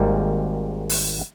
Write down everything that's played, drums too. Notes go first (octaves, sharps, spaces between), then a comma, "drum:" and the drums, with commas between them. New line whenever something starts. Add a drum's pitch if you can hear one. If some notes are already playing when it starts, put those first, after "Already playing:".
Already playing: G#1 G#2 G3 A#3 D#4
drum: open hi-hat